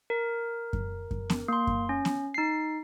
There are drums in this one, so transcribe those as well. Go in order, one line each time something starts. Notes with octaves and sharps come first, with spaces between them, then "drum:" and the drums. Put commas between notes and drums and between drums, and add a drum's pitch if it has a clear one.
A#4
drum: kick F#2
drum: kick F#2
drum: snare B3
A#3 C6
drum: kick F#2
C#4
drum: snare B3
D#4 C7